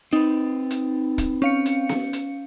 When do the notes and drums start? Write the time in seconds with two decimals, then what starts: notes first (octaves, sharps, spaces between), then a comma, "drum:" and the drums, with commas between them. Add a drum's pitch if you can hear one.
0.13 C4 D#4 B4
0.71 drum: hi-hat
1.18 drum: kick, hi-hat
1.42 C#4 F5 C#7
1.66 drum: hi-hat
1.89 drum: snare B3
2.13 drum: hi-hat